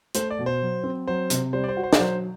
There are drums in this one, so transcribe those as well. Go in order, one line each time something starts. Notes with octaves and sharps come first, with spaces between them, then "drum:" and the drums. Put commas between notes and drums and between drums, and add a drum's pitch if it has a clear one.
A3 C5, drum: hi-hat
D5
B2
C5
F#3
C4
F#3 C5
C3, drum: hi-hat
G3 C5
D5
C5
F#4
C5
D5, drum: snare
F#3 C5